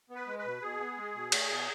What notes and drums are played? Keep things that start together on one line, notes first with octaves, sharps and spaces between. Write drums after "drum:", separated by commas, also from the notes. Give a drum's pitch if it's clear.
B3
B4
G#3
B4
B2
B2 G#4
B3
G#3
B2
A3, drum: cymbal
B2